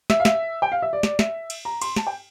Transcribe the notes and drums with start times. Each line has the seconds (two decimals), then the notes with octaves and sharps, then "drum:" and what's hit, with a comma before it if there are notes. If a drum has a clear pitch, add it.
0.10 E5, drum: snare
0.20 F5
0.25 E5, drum: snare
0.62 G5
0.72 F5
0.82 E5
0.93 D5
1.03 D5, drum: snare
1.19 E5, drum: snare
1.50 drum: cymbal
1.65 A#5
1.82 C6, drum: cymbal
1.96 A5, drum: snare
2.07 G5